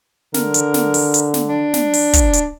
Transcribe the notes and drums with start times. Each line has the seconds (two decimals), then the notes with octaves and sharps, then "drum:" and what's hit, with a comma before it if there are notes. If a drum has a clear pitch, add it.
0.34 D3 A#4, drum: snare
0.54 drum: hi-hat
0.74 drum: snare
0.94 drum: open hi-hat
1.14 drum: hi-hat
1.34 drum: snare
1.49 D4
1.74 drum: snare
1.94 drum: open hi-hat
2.13 drum: kick, hi-hat
2.33 drum: hi-hat